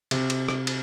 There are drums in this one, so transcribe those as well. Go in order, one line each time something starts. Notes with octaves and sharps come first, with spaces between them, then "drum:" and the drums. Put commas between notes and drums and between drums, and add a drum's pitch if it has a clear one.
C3, drum: cymbal
drum: cymbal
drum: rim click
drum: cymbal